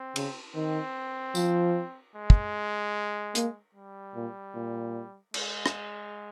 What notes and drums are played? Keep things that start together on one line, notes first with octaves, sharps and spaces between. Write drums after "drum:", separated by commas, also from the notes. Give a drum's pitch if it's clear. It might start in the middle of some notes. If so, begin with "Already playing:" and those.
Already playing: C4
C#3, drum: cymbal
D#3 C4
F3, drum: tambourine
G#3
drum: kick
A#3, drum: hi-hat
G3
A#2
A#2
G#3, drum: cymbal
drum: rim click